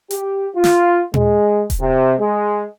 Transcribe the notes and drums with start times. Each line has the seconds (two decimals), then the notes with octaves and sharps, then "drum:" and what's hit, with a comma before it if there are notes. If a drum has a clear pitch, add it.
0.11 G4, drum: hi-hat
0.54 F4
0.64 drum: snare
1.14 G#3, drum: tom A#2
1.70 drum: kick D#1, hi-hat
1.80 C3
2.18 G#3